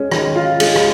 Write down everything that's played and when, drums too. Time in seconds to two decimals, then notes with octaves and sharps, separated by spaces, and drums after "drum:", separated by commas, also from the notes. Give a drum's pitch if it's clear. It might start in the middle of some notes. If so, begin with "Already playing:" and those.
Already playing: G#3 C#4
0.11 D#3, drum: rim click
0.36 F4
0.60 G#3, drum: cymbal
0.76 drum: rim click